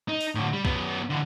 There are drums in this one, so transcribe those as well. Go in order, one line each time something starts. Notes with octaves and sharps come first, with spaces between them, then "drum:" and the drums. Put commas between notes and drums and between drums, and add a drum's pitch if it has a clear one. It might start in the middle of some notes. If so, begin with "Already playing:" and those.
D#4
drum: open hi-hat
A2 D3
G3
F#2 B3, drum: kick
D3 E3